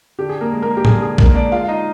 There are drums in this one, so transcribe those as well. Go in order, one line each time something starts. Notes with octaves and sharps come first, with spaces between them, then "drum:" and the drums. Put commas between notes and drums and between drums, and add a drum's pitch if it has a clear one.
D3 G4
G#4
A#3 A#4
G#3
A#3 A#4
G4
D3 G#4, drum: tom A2
G#4
G#3 A#3 A#4, drum: kick
D4 D5
G#3 F4 F5
D#4 D#5